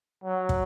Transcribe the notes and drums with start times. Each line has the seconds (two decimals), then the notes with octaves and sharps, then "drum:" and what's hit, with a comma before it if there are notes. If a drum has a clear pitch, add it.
0.24 F#3
0.49 drum: kick